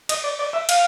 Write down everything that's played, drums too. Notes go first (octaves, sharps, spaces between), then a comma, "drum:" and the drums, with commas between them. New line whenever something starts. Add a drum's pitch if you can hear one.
D#5, drum: cymbal
D5
D5
E5
F5, drum: cymbal